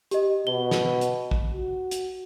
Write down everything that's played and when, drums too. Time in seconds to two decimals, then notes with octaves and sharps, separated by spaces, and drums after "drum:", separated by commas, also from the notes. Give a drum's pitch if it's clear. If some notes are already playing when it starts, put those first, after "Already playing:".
0.11 G4 D#5, drum: hi-hat
0.47 B2 G7
0.71 drum: snare
1.01 drum: hi-hat
1.31 drum: kick
1.53 F#4
1.91 drum: hi-hat